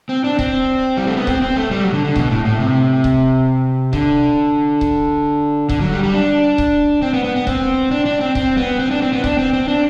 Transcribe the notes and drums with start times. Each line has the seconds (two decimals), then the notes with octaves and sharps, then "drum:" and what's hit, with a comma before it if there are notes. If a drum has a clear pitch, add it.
0.09 C4
0.24 D4
0.39 C4, drum: kick C#1
0.97 G3
1.07 A3
1.17 B3
1.27 C4, drum: kick C#1
1.42 C4
1.56 A3
1.71 G3
1.82 F#3
1.93 D3
2.05 D3
2.16 B2, drum: kick C#1
2.31 A2
2.45 A2
2.60 C3
3.04 drum: kick C#1
3.93 D3, drum: kick C#1
4.81 drum: kick C#1
5.69 D3, drum: kick C#1
5.81 F#3
5.92 G3
6.03 G3
6.14 D4
6.58 drum: kick C#1
7.02 C4
7.14 B3
7.24 B3
7.36 B3
7.47 C4, drum: kick C#1
7.91 D4
8.06 D4
8.21 C4
8.35 C4, drum: kick C#1
8.57 B3
8.80 C4
8.91 D4
9.02 C4
9.13 B3
9.24 D4, drum: kick C#1
9.39 C4
9.53 C4
9.68 D4